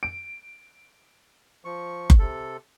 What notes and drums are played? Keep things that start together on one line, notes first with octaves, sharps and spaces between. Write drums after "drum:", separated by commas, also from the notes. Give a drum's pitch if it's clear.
D7
F3 C#6
drum: kick F#1
C3 A4